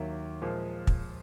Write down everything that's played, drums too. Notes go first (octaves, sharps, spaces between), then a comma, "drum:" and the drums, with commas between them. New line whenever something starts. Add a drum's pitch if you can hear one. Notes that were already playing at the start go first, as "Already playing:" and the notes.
Already playing: D#2 D#3 F#3 A#3 E5
A#2 F3 G#3
drum: kick